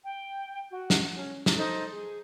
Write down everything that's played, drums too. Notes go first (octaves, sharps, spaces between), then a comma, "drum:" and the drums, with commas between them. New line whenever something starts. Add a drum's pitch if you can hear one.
G5
F#4
drum: snare
C#4
drum: snare
D#4 A4 C5
G#4